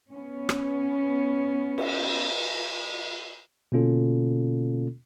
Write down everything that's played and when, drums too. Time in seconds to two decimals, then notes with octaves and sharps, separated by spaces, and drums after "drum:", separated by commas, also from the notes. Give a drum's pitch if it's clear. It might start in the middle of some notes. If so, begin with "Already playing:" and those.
0.12 B3 C#4
0.49 drum: rim click
1.78 drum: cymbal
3.72 B2 D3 A#3 C#4 F4 A4